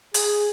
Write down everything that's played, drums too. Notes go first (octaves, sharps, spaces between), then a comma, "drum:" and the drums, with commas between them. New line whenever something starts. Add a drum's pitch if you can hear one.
G#4, drum: hi-hat